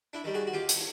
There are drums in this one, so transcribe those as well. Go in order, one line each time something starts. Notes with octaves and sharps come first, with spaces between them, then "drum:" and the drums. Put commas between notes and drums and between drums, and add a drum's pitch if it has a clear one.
D4 E4
D#3 G3
F#4 G#4
F#4
D#2 F4 G4
drum: hi-hat